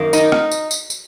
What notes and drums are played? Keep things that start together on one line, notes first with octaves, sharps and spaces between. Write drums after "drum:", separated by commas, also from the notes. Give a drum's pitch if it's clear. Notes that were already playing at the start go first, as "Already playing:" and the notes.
Already playing: F#2 D#3 A#3
D#4, drum: tambourine
drum: rim click
drum: tambourine
drum: tambourine
drum: tambourine